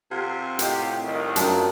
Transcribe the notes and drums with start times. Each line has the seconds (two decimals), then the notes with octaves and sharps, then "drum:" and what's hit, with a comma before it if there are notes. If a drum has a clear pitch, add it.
0.11 C3 F4 A4 F#5
0.59 A2 F4 G4 D#5, drum: hi-hat
1.05 C2 D#3
1.36 F#2 F3 A3 D4 A#5, drum: hi-hat